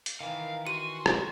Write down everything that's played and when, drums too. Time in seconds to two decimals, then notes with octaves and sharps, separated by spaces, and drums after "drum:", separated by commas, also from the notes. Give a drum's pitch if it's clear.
0.06 drum: hi-hat
0.21 D#3 E3 A#4 F5
0.67 F#4 C6 D#7
1.06 drum: rim click